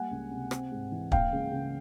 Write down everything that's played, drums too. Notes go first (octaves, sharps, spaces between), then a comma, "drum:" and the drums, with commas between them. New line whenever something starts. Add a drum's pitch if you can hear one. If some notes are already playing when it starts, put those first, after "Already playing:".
Already playing: G3 A#3 F#5 G#5
C#2
C3
C4, drum: rim click
G#2
E3
A#3 F5 G5, drum: kick
C#2
C#3